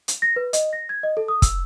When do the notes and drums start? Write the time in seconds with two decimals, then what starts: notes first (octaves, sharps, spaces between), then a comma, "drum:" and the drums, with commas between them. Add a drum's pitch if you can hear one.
0.08 drum: hi-hat
0.22 A#6
0.36 B4
0.53 D#5, drum: hi-hat
0.73 A#6
0.89 G#6
1.03 D#5
1.17 A4
1.28 D#6
1.42 E6, drum: kick, hi-hat